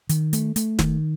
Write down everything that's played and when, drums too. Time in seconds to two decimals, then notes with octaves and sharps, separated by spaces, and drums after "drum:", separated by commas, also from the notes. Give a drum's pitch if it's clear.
0.09 D#3, drum: hi-hat
0.33 A3, drum: hi-hat
0.56 A3, drum: hi-hat
0.79 D#3, drum: snare